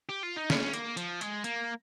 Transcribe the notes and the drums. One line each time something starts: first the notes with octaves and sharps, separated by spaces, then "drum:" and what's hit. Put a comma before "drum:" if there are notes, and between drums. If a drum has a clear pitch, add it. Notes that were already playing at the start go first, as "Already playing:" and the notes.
G4
F4
D#4
C#4, drum: snare
A#3, drum: hi-hat
F3, drum: hi-hat
G#3, drum: hi-hat
A#3, drum: hi-hat